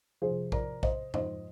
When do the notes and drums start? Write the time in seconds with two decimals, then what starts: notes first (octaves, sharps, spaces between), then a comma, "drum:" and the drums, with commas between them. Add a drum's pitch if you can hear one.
0.22 F2 C3 F3 G#4 C5
0.52 A#4 D5, drum: kick
0.83 C5 D#5, drum: kick
1.14 G#2 F3 C5 D#5, drum: tom F2